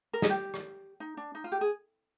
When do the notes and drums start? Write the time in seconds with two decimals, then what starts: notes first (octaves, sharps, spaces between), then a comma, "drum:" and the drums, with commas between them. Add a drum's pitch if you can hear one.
0.13 A#4
0.22 G#4, drum: snare
0.30 G4
0.54 drum: rim click
1.00 D#4
1.17 D4
1.35 D#4
1.44 F4
1.52 G4
1.61 G#4